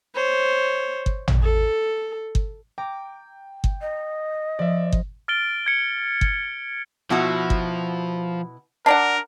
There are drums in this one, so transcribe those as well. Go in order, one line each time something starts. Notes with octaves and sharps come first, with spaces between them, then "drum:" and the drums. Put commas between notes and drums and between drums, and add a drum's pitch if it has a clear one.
C5 C#5
drum: kick G1
drum: tom
A4
drum: kick G1
G5 A#5 D6
drum: kick G1
D#5
F3 D5 E5
drum: kick G1
F6 A6 D7 G7
G#6 C#7
drum: kick G1
B2 F3 E4 F#4
drum: kick G1
D4 A#4 D5 F#5